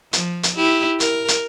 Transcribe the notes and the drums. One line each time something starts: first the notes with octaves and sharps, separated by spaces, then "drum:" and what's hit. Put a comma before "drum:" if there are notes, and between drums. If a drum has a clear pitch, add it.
F3, drum: hi-hat
drum: hi-hat
E4 G4
A#4, drum: hi-hat
drum: hi-hat